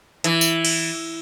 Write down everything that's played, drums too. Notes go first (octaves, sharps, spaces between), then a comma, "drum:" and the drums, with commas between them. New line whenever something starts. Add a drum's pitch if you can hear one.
E3, drum: hi-hat
drum: tambourine
drum: cymbal